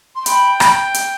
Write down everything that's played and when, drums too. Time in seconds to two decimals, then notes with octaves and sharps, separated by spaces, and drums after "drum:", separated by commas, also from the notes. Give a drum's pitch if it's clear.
0.15 C6
0.26 G5 B5, drum: hi-hat
0.60 B5, drum: rim click
0.94 drum: hi-hat